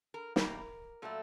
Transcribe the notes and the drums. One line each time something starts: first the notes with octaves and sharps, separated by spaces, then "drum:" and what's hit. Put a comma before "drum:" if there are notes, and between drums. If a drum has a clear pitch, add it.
A#4
E2 B2 G3 A#3 A#4, drum: snare
A#2 F#3 A3 A4